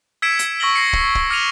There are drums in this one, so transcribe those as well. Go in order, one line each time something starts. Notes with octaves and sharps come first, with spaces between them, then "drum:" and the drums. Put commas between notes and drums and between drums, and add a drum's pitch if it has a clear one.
E6 G#6 B6 C#7 D7 E7
drum: hi-hat
C#6 E6 A#6 B6 F#7 G7
A#6 C7 C#7
drum: kick
drum: kick
D6 F6 A#6 C#7 D#7 F7